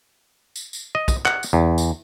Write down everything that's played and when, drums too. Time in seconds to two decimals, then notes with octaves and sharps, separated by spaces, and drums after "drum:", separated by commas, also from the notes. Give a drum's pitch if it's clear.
0.56 drum: tambourine
0.73 drum: tambourine
0.95 D#5
1.08 drum: kick, tambourine
1.25 F#5, drum: clap
1.43 drum: tambourine
1.53 E2
1.78 drum: tambourine